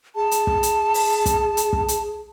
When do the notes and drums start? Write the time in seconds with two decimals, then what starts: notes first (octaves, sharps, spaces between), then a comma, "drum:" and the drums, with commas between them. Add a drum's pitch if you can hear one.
0.16 G#4 A5
0.31 drum: hi-hat
0.47 drum: kick
0.63 drum: hi-hat
0.94 drum: open hi-hat
1.26 drum: kick, hi-hat
1.57 drum: hi-hat
1.73 drum: kick
1.88 drum: hi-hat